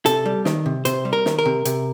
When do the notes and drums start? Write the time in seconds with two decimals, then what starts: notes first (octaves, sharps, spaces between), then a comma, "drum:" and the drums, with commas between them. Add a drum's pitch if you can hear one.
0.06 C3 A4, drum: hi-hat
0.25 G3
0.45 D#3, drum: snare
0.66 C3
0.85 C3 C5, drum: hi-hat
1.05 G3
1.13 A#4
1.26 D#3, drum: snare
1.39 A#4
1.45 C3
1.65 C3, drum: hi-hat